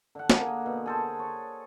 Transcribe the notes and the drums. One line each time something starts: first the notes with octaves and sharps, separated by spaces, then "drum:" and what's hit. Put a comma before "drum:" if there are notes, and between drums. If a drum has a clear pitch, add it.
D3 F#5
drum: snare
A#3 G#4
B2
G#4 A4 C5
C#5